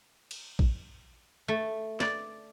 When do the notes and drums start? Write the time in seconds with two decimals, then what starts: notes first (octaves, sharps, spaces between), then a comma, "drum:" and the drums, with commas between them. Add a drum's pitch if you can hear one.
0.31 drum: cymbal
0.59 drum: kick A#1
1.48 A3
2.00 D5, drum: snare